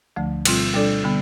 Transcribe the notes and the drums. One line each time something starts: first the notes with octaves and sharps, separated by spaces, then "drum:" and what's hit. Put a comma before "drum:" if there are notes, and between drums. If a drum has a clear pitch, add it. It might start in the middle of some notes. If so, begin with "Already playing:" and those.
D2 D3 F3 A3
B2 G3 C4 F4, drum: cymbal
B2 G3 D4 A4 D5
D3 G3 B3